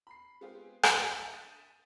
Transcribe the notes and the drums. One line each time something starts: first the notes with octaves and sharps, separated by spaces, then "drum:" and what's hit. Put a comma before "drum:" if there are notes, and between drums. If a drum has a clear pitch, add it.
B5 C7
G#3 B3 C4 F4 G4 G#4
G#4 A#4 C#5 D#5 G5, drum: rim click
E5 A5
D#6 G6 A6 B6 D#7 E7